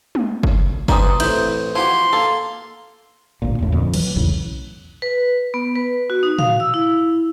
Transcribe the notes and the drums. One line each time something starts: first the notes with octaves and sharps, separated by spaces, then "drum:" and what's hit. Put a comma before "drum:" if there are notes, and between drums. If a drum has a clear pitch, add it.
drum: tom
drum: kick F#1
D4 G4 B4 C5 E5 G#5 A#5 D#6, drum: kick F#1
A1 C4 E4 G6, drum: cymbal
F3 E4 F#4 G4 C6
A#3 A4
A1 D2 A#2
E1 C2 A2
F2 A#2 D3
E3 F#3, drum: cymbal
B1 E2 A2 C#3
B4
B3
B4
F#4
D#4
F5, drum: tom
E6
E4